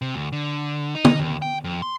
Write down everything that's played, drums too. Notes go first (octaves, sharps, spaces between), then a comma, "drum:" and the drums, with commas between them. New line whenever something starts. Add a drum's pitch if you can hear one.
C3
D2
D3
D#4
drum: tom
D#2
G5
F2
C6